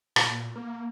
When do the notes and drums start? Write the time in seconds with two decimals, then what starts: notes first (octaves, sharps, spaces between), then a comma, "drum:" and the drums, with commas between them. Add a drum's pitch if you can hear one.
0.16 A#2, drum: rim click
0.56 A#3